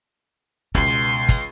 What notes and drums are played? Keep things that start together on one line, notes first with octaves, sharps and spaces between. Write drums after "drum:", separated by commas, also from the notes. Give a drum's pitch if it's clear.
C#2 B2 C6, drum: kick, open hi-hat
drum: kick, hi-hat